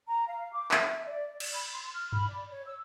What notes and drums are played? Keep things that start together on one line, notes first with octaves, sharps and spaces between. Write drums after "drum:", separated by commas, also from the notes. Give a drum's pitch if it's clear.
A#5
F5
D6
E5, drum: clap
D5
drum: cymbal
B5
C6
F6
B5, drum: tom G2
D5
C#5
E6